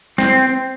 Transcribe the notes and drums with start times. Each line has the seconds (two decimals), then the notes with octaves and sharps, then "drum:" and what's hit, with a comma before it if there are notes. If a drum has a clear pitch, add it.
0.18 C4, drum: snare